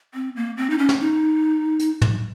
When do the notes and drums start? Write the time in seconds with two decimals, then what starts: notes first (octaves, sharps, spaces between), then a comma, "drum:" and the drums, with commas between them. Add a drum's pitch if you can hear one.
0.14 C4
0.36 A#3
0.57 C4
0.70 D#4
0.78 C#4
0.89 drum: snare
1.00 D#4
1.80 drum: hi-hat
2.01 drum: tom